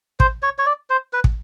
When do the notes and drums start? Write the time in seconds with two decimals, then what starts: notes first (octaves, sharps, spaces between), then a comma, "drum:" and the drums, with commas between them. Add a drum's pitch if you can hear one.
0.20 C5, drum: kick
0.43 C#5
0.58 C#5
0.66 D5
0.90 C5
1.13 B4
1.24 drum: kick